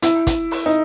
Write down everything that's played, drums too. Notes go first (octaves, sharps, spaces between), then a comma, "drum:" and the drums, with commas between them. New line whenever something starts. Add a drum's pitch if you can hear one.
E4, drum: hi-hat
drum: kick, hi-hat
drum: open hi-hat
D#4